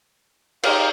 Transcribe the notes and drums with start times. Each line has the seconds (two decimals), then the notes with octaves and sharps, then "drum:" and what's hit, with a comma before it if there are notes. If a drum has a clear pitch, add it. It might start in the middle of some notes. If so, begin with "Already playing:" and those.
0.63 D#4 G4 A#4 F5, drum: cymbal